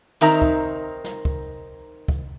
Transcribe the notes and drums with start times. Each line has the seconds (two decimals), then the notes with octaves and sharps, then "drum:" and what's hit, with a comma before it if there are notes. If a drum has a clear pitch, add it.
0.21 D#3 C4 D#4 A#4 E5 A#5
0.42 drum: kick
1.04 drum: snare
1.25 drum: kick
2.08 drum: kick